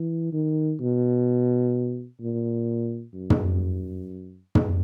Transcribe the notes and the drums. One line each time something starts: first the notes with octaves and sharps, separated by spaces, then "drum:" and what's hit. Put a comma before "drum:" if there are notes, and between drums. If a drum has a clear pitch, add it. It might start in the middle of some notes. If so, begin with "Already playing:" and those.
Already playing: E3
D#3
B2
A#2
F#2
drum: tom
drum: tom